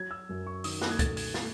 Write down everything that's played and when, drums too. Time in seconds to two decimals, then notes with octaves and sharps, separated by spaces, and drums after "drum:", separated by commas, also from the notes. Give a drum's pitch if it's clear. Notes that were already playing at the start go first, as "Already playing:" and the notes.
Already playing: F#3 G#6
0.11 E6
0.29 F#2
0.47 C#6
0.64 D#3 D#6, drum: open hi-hat
0.82 F#6, drum: snare
0.91 G#6
0.99 A3 A6, drum: kick C2, hi-hat
1.17 G#6, drum: open hi-hat
1.34 F#3 A6, drum: snare